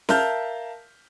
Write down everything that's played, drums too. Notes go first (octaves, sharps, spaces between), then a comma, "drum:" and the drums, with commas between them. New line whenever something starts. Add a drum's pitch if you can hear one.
A#4 E5 F5 A5 F6 G6, drum: snare